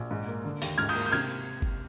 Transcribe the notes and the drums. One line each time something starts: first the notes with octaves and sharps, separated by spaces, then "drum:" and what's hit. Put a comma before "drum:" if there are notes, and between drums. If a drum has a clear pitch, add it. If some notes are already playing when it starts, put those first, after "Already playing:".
Already playing: A#1
G#2
A#3
D3
D#2, drum: open hi-hat
G#2 F6 G#6
D#6 G6, drum: cymbal
A#3
G6
C3 F6 G#6
drum: kick G1